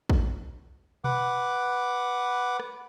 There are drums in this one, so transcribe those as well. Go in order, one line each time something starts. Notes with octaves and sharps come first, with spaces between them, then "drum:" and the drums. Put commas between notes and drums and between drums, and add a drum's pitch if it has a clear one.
drum: kick
B4 F#5 D6, drum: tom B2
drum: rim click